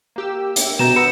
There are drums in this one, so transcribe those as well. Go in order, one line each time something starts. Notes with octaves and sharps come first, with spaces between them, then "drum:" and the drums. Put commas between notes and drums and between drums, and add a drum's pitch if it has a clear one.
A#3 G4 E6
drum: hi-hat
B2 A#5 G6 E7
B3 E6 A#6 C#7